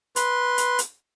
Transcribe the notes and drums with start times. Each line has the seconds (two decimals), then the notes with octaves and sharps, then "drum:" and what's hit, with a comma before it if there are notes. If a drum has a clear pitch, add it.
0.16 B4 C6, drum: hi-hat
0.58 drum: hi-hat
0.79 drum: hi-hat